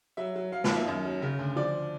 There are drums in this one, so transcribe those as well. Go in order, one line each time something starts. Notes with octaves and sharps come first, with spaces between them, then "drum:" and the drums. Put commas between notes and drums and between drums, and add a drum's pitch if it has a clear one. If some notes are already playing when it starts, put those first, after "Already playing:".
F#3 E5
F#3
F#3 F5
F5, drum: snare
D#2
E5
F#2 D#5
F#3
C#3
D2
F3 D5